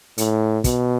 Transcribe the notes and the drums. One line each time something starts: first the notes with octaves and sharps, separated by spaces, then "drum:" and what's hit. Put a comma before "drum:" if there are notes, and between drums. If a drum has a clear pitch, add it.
A2, drum: hi-hat
B2, drum: kick, hi-hat